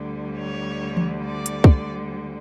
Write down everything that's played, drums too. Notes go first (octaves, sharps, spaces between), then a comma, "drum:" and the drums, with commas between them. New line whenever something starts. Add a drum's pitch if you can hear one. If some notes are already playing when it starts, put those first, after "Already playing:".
Already playing: D2 D3 G3
C#5
drum: tom E3
D5
drum: hi-hat
drum: kick